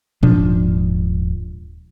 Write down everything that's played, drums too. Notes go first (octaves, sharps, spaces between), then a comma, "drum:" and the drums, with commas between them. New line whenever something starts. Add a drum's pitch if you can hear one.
D#1 G#2 F3 D4, drum: tom A#2